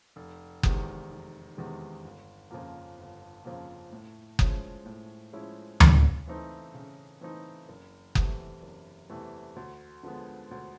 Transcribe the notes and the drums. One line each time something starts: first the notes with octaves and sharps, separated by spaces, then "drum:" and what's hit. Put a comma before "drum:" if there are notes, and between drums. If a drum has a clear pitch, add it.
F1
E2 C3 D#3 G#3, drum: kick F#1
F1
E2 C3 D#3 G#3
G1
F2 C#3 F3 A#3
G1
F2 C#3 F3 A#3
A2
F3 G#3 C#4 E4, drum: kick F#1
A2
F3 G#3 C#4 E4
C#3, drum: tom D2
E3 A3 C4 D#4
C#3
E3 A3 C4 D#4
F#1
E2 C3 E3 A3, drum: kick F#1
F#1
E2 C3 E3 A3
D2
D3 F3 G#3 B3
D2